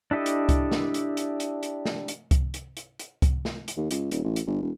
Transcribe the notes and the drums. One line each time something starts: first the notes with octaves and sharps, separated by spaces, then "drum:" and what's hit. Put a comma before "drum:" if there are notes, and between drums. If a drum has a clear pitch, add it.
D4 E4 G4 A4 D#5
drum: hi-hat
drum: kick C2, hi-hat
drum: snare
drum: hi-hat
drum: hi-hat
drum: hi-hat
drum: hi-hat
drum: snare
drum: hi-hat
drum: kick C2, hi-hat
drum: hi-hat
drum: hi-hat
drum: hi-hat
drum: kick C2, hi-hat
drum: snare
drum: hi-hat
D#2
C#2, drum: hi-hat
D#1, drum: hi-hat
A1
drum: hi-hat
G1
E1